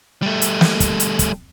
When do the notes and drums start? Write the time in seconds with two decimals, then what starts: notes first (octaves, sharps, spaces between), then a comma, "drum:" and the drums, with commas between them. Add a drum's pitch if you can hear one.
0.22 G3 A3
0.42 drum: hi-hat
0.61 drum: snare
0.80 drum: kick, hi-hat
1.00 drum: hi-hat
1.19 drum: kick, hi-hat